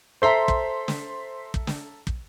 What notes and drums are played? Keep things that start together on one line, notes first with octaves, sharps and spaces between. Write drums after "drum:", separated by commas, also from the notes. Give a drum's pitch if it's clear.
A4 C5 E5 A#5 C6 B6
drum: kick
drum: snare
drum: kick
drum: snare
drum: kick